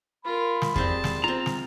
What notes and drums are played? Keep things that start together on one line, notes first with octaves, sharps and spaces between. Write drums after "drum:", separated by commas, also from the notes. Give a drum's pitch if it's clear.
F4 A#4 B5
drum: snare
G3 C4 G#4 C5 A5, drum: kick E2
drum: snare
C4 F4 A#5
drum: snare